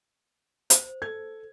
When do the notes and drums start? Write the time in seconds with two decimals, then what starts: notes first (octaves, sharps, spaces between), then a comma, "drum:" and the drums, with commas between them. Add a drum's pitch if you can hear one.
0.70 C5, drum: hi-hat
1.02 A4 G#6